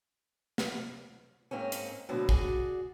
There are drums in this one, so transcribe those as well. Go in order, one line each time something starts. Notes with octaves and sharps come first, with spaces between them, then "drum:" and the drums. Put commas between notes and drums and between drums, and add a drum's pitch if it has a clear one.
drum: snare
G#2 A#3 C4 C#4
drum: hi-hat
B2 D3 F3 F#3 A3 A#3
F#4 G#4 D5, drum: kick